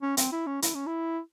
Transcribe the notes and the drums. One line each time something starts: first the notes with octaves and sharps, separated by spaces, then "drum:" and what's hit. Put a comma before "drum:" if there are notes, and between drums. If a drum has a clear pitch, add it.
C#4
C4, drum: hi-hat
E4
C#4
E4, drum: hi-hat
C#4
E4